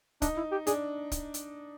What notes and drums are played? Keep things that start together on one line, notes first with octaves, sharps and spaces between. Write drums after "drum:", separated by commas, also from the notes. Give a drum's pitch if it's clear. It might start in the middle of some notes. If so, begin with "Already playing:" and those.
D4 D#4, drum: kick, hi-hat
E4
G4
D4 G#4, drum: hi-hat
drum: kick, hi-hat
drum: hi-hat